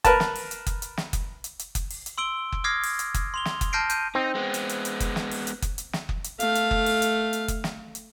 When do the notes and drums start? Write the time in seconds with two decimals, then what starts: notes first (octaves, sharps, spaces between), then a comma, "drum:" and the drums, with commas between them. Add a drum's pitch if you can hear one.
0.04 A#4 B4 A5, drum: kick F#1, hi-hat
0.20 drum: snare
0.35 drum: open hi-hat
0.51 drum: hi-hat
0.66 drum: kick F#1, hi-hat
0.82 drum: hi-hat
0.97 drum: snare
1.13 drum: kick F#1, hi-hat
1.44 drum: hi-hat
1.59 drum: hi-hat
1.75 drum: kick F#1, hi-hat
1.90 drum: open hi-hat
2.06 drum: hi-hat
2.18 C6 E6 D7 G7
2.52 drum: kick F#1
2.64 D6 D#6 F6 G#6 A#6 C7
2.83 drum: open hi-hat
2.99 drum: hi-hat
3.14 drum: kick F#1, hi-hat
3.34 C6 F7 G7
3.45 drum: snare
3.61 drum: kick F#1, hi-hat
3.73 A5 F6 G6 A#6 C7 D7
3.90 G6 D#7, drum: hi-hat
4.15 C4 D#4
4.35 G#3 B3
4.54 drum: hi-hat
4.69 drum: hi-hat
4.85 drum: hi-hat
5.00 drum: kick F#1, hi-hat
5.16 drum: snare
5.31 drum: open hi-hat
5.47 drum: hi-hat
5.62 drum: kick F#1, hi-hat
5.78 drum: hi-hat
5.93 drum: snare
6.09 drum: kick F#1
6.24 drum: hi-hat
6.40 A3 F5, drum: hi-hat
6.55 drum: hi-hat
6.71 drum: kick F#1
6.86 drum: open hi-hat
7.02 drum: hi-hat
7.33 drum: hi-hat
7.48 drum: kick F#1, hi-hat
7.64 drum: snare
7.95 drum: hi-hat